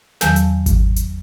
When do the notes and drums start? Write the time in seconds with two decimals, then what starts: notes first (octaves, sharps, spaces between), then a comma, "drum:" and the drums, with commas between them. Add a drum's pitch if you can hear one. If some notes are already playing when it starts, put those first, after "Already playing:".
0.21 E2 D#3 F#3 G#5 A5 G6, drum: snare
0.36 drum: hi-hat
0.66 drum: kick G#1, hi-hat
0.96 drum: hi-hat